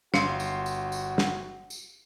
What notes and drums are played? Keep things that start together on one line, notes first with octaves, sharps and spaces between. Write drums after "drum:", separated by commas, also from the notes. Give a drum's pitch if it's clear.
G1 F#4 F5 C6 C7, drum: snare
drum: tambourine
drum: tambourine
drum: tambourine
drum: snare
drum: tambourine